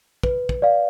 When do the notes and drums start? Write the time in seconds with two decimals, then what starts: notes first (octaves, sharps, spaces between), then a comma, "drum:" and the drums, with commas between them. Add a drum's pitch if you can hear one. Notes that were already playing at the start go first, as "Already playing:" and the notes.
0.23 B4, drum: kick
0.49 drum: kick
0.62 D5 F5